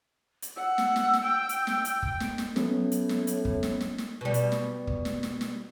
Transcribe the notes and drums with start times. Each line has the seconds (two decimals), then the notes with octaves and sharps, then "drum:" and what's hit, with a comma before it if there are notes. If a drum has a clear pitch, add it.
0.42 drum: hi-hat
0.56 F#5 E6
0.78 drum: snare
0.96 drum: snare
1.14 drum: snare
1.24 G5
1.49 drum: hi-hat
1.67 drum: snare
1.85 drum: hi-hat
2.03 drum: kick
2.20 drum: snare
2.38 drum: snare
2.56 A2 F#3 B3 C#4, drum: snare
2.92 drum: hi-hat
3.09 drum: snare
3.27 drum: hi-hat
3.45 drum: kick
3.63 drum: snare
3.81 drum: snare
3.98 drum: snare
4.21 B2 G3
4.34 drum: hi-hat
4.52 drum: snare
4.87 drum: kick
5.05 drum: snare
5.23 drum: snare
5.41 drum: snare